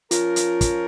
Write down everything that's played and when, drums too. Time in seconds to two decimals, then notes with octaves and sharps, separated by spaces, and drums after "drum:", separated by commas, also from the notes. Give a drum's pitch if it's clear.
0.11 F3 C#4 F4 A#4, drum: hi-hat
0.36 drum: hi-hat
0.61 drum: kick, hi-hat